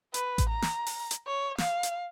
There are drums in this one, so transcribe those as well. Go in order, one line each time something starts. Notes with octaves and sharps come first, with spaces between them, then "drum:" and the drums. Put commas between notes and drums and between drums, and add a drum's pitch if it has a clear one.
B4, drum: hi-hat
drum: kick A1, hi-hat
A#5
drum: snare
drum: open hi-hat
drum: hi-hat
C#5
F5, drum: snare
drum: hi-hat